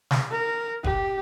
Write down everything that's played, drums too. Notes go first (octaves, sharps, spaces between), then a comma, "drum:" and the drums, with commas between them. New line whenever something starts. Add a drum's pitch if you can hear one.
drum: snare
A#4
G4, drum: kick